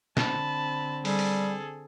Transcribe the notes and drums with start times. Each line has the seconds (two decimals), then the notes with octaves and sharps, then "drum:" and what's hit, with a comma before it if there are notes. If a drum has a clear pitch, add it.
0.17 D3 C4 A5 B5, drum: snare
1.05 G3 G#4 A4, drum: open hi-hat
1.19 drum: open hi-hat